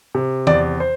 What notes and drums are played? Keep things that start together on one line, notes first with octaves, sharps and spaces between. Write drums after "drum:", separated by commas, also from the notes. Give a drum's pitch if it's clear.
C3
E2 D5, drum: tom D#3
C5